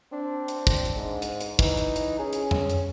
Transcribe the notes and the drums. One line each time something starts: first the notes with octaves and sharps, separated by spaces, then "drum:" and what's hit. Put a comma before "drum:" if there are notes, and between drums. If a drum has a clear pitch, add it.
C4 D4
drum: hi-hat
drum: kick, hi-hat
drum: hi-hat
G#2
drum: hi-hat
drum: hi-hat
E3 D#4, drum: kick, hi-hat
drum: hi-hat
drum: hi-hat
C#4 G#4
drum: hi-hat
drum: tom F2
drum: hi-hat